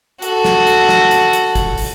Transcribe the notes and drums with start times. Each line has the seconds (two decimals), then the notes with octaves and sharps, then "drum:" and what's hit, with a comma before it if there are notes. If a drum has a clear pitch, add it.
0.22 F#4 A4, drum: hi-hat
0.44 drum: snare
0.67 drum: hi-hat
0.89 drum: snare
1.11 drum: hi-hat
1.33 drum: hi-hat
1.55 drum: kick, hi-hat
1.78 drum: open hi-hat